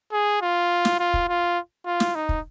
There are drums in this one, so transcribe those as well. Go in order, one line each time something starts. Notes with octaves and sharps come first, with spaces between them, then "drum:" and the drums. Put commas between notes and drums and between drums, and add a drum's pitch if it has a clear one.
G#4
F4
drum: snare
F4
drum: kick
F4
F4
drum: snare
D#4
drum: kick